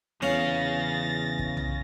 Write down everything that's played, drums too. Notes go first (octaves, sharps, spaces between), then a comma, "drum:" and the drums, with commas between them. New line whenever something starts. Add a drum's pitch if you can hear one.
E2 C#3 C#4 F5 A6 A#6, drum: snare
drum: kick
drum: tom B1